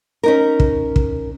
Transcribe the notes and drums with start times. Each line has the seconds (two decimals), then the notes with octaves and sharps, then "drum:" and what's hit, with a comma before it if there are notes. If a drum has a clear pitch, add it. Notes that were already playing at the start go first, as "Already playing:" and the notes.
0.23 C#4 D#4 A#4
0.60 drum: kick
0.96 drum: kick